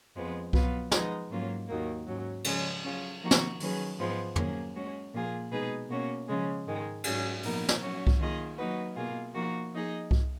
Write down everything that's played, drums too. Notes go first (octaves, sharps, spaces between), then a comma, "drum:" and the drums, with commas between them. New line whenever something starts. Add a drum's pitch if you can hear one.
F2 F3 G#3 B3
B2 F#3 B3 F4 B4, drum: kick C2
F3 G#3 B3 D#4, drum: snare
G#2 F#3 A#3 C#4 F4
D#2 D#3 F#3 A#3
G#2 F#3 C#4
C#3 F3 G#3 C#4 G#4, drum: cymbal
F#3 C#4 F4 G#4
F3 A#3 D#4 F#4
drum: snare
D#3 F#3 C#4 G#4 B4, drum: open hi-hat
G#2 F3 G#3 B3
F#3 A#3 C#4 G#4, drum: tom
G#3 C#4 F#4
A#2 F3 A#3 F4 G#4
B2 G#3 D#4 G#4 B4
B2 A#3 C#4 F#4
C#3 F3 G#3 C#4 G#4
G#2 D#3 G#3
G#2 F#3 C#4 G#4, drum: cymbal
A#2 F3 B3 D#4 A#4, drum: open hi-hat
drum: snare
F#3 C#4 F#4
drum: kick C2
D#3 A#3 F4 G#4 D#5
F#3 A#3 D#4 F#4 B4
B2 A#3 F4 G#4
F3 A#3 D#4 F#4
F3 A#3 D#4 G#4 D#5
drum: kick C2